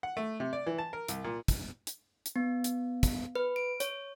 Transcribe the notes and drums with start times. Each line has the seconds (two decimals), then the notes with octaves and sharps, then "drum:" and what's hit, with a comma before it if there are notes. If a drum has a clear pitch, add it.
0.03 F#5
0.17 A3
0.40 C3
0.53 D5
0.66 E3
0.78 A5
0.93 A#4
1.08 C2, drum: hi-hat
1.24 A#2
1.48 drum: kick, hi-hat
1.87 drum: hi-hat
2.26 drum: hi-hat
2.36 B3
2.64 drum: hi-hat
3.03 drum: kick, hi-hat
3.35 B4
3.56 D7
3.80 C#5, drum: hi-hat